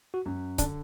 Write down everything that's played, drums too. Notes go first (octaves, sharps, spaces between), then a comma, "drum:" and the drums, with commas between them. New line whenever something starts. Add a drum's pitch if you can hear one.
F#4
F#2
D3 D4, drum: kick C#1, hi-hat